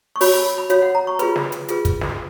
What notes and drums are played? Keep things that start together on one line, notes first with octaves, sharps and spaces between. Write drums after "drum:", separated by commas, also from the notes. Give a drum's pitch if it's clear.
C#6
F#4 C#5 B5, drum: open hi-hat
B5
B5
F#4 C#5 F5, drum: hi-hat
F#5
A#5
C#6
F4 G#4 B4 B5, drum: hi-hat
drum: snare
drum: hi-hat
F4 G#4 B4, drum: hi-hat
drum: kick, hi-hat
drum: snare